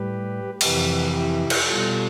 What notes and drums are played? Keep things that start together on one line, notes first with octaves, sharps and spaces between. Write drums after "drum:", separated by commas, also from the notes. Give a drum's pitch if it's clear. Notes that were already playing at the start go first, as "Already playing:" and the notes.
Already playing: A2 G3 G4 B4
F2 C3 E3 G4 B4, drum: cymbal
E4 G4
drum: cymbal
B2 G3 F4 A4